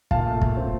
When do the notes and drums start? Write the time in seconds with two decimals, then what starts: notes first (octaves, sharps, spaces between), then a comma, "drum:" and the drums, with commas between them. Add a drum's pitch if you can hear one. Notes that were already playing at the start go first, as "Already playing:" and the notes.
0.11 A#2 F5 A5, drum: kick
0.26 A3
0.41 A#2, drum: kick
0.57 C4